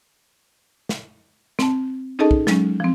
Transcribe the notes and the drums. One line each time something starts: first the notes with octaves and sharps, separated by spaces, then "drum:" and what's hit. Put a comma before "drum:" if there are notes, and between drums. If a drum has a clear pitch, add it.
drum: snare
C4 A5, drum: snare
C#4 D#4 G#4 A4 D#5 A5
drum: kick
F#3 G#3 C#4, drum: snare
F3 C4